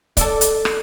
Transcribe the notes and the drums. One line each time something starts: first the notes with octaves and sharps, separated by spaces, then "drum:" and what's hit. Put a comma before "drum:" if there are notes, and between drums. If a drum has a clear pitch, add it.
A4 D5, drum: kick C#1, hi-hat
drum: hi-hat
drum: rim click